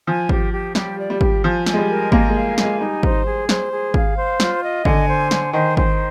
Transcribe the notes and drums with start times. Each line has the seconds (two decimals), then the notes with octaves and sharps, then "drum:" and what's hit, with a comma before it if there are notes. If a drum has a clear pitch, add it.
0.07 F3 G#5
0.29 G4, drum: kick G#1
0.52 G4
0.75 G3 G4, drum: snare
0.98 D5
1.10 G3
1.21 G4, drum: kick G#1
1.43 F3 G#5
1.66 G#5, drum: snare
1.73 G#3
1.77 G3
1.89 A#4
2.12 A#3 G#5, drum: kick G#1
2.28 G#3
2.35 F5
2.58 G#5, drum: snare
2.64 G#3
2.80 G3 D#4
3.03 C5, drum: kick G#1
3.26 G#4
3.49 C5, drum: snare
3.72 G#4
3.94 F5, drum: kick G#1
4.17 C5
4.40 F4, drum: snare
4.63 D#5
4.85 D3 G#5, drum: kick G#1
5.08 C5
5.31 G#5, drum: snare
5.53 D#3 C5
5.77 C5, drum: kick G#1